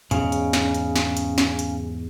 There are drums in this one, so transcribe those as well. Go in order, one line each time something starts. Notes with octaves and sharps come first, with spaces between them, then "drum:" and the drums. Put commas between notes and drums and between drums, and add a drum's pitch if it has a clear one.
E2 G#2 C#3, drum: hi-hat
drum: hi-hat
drum: snare
drum: hi-hat
drum: snare
drum: hi-hat
drum: snare
drum: hi-hat